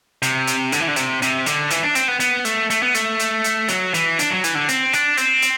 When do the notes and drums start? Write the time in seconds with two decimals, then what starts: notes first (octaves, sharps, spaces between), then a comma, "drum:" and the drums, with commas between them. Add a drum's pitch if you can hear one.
0.22 C3, drum: hi-hat
0.47 drum: hi-hat
0.72 D3, drum: hi-hat
0.80 E3
0.88 D3
0.96 C3, drum: hi-hat
1.22 C3, drum: hi-hat
1.46 D3, drum: hi-hat
1.70 E3, drum: hi-hat
1.83 D4
1.95 C4, drum: hi-hat
2.08 B3
2.20 B3, drum: hi-hat
2.45 A3, drum: hi-hat
2.70 A3, drum: hi-hat
2.83 B3
2.94 A3, drum: hi-hat
3.19 drum: hi-hat
3.44 drum: hi-hat
3.68 F#3, drum: hi-hat
3.94 E3, drum: hi-hat
4.19 D4, drum: hi-hat
4.30 F#3
4.44 E3, drum: hi-hat
4.55 D3
4.69 C4, drum: hi-hat
4.93 D4, drum: hi-hat
5.17 C4, drum: hi-hat
5.42 drum: hi-hat